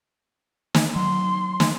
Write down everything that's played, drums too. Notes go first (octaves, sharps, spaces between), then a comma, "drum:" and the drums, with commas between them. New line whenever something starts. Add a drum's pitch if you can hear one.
drum: snare
F#3 C6
drum: snare